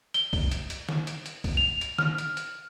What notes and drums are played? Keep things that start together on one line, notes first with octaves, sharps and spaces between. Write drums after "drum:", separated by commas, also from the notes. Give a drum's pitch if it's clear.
G7, drum: hi-hat
drum: kick, open hi-hat
drum: hi-hat
drum: hi-hat
drum: snare
drum: hi-hat
drum: hi-hat
drum: kick, open hi-hat
F7
drum: hi-hat
F6, drum: snare
drum: hi-hat
drum: hi-hat